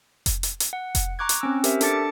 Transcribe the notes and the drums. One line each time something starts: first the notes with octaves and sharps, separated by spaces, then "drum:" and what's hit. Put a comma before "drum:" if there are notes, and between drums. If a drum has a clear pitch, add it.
drum: kick F1, hi-hat
drum: hi-hat
drum: hi-hat
F#5
drum: kick F1, hi-hat
A#5 C#6 D6 F#6 G#6
drum: hi-hat
C4 C#4 E6
G4 A#4 C5 E5, drum: hi-hat
D4 A4 A5 D6 A6 C#7, drum: hi-hat